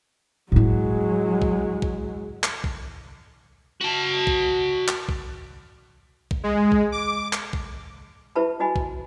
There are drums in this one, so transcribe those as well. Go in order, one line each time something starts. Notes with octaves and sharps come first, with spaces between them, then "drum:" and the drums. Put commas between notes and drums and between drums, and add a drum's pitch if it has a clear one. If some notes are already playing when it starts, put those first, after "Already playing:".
A2 F#3 G#3 E4
drum: kick A#1
drum: kick A#1
drum: clap
drum: kick A#1
F#4 A5
drum: kick A#1
drum: clap
drum: kick A#1
drum: kick A#1
G#3
drum: kick A#1
D6
drum: clap
drum: kick A#1
E4 G4 B4 E5 A5 B5
E4 F#4 D#5 G#5 B5
drum: kick A#1